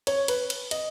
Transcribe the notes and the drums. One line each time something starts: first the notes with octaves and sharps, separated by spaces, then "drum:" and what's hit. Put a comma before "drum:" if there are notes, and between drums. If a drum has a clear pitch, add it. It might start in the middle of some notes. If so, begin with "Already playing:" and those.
C#5, drum: cymbal
B4, drum: cymbal
drum: cymbal
D#5, drum: cymbal